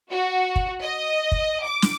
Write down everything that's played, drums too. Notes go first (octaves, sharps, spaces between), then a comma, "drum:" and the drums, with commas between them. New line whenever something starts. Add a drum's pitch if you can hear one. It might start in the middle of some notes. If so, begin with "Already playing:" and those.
F#4
drum: kick
D#5
drum: kick
D6
drum: snare